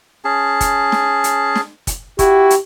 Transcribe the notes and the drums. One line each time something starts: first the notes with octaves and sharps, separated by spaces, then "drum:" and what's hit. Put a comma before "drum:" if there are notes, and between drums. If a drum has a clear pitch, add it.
C#4 G#4 A5
drum: kick, hi-hat
drum: snare
drum: hi-hat
drum: snare
drum: kick, hi-hat
E4 F#4 G4, drum: kick, hi-hat
drum: hi-hat